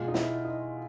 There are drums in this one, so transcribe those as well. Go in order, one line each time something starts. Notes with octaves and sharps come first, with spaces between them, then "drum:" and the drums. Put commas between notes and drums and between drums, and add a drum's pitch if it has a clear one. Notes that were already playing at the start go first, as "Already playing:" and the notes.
Already playing: B2 G#3 F4
D#4
E4, drum: snare
D#4